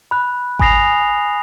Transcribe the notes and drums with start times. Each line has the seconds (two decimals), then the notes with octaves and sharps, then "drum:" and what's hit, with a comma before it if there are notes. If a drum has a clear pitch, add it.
0.11 B5 F#6
0.59 G#5 B5 D#6 A#6 C7 F7, drum: kick G#1